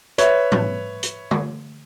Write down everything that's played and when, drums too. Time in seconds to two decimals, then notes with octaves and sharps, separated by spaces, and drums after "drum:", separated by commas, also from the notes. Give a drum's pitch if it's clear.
0.18 B4 C#5 E5, drum: hi-hat
0.52 drum: tom
1.03 drum: hi-hat
1.31 drum: tom